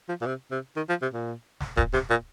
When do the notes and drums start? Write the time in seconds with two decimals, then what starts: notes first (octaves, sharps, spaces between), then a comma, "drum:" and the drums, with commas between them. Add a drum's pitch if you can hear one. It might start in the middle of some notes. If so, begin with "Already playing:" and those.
0.09 F3
0.21 A#2
0.26 C3
0.51 C3
0.77 D#3
0.89 F3
1.02 C3
1.14 A#2
1.60 drum: snare
1.77 A#2, drum: kick D1
1.93 C3, drum: snare
2.10 A#2